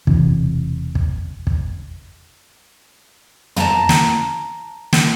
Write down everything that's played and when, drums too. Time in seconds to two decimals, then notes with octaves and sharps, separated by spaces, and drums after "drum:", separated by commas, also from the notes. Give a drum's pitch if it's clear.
0.07 E1 C3 E3, drum: kick
0.95 drum: kick
1.47 drum: kick
3.56 A5 A#5, drum: tom
3.89 drum: snare
4.93 drum: snare